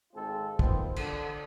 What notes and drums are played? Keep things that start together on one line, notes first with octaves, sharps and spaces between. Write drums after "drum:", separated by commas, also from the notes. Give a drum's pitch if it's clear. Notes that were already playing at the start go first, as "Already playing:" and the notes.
G#1 G#3 C4 F4 A4
D#3 F3 B3 C4, drum: kick
D3, drum: cymbal